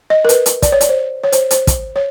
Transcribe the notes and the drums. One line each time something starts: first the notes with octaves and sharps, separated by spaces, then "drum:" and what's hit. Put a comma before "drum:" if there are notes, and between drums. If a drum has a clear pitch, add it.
D#5
A#4
B4, drum: hi-hat
drum: hi-hat
D5, drum: kick, hi-hat
C#5
D5, drum: hi-hat
C5
C#5
C5, drum: hi-hat
C5, drum: hi-hat
drum: kick, hi-hat
C#5